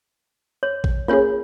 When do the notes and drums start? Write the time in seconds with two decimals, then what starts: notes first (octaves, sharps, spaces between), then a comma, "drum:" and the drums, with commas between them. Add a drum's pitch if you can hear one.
0.63 C#5
0.84 drum: kick
1.08 A#3 C#4 F4 G#4 C#5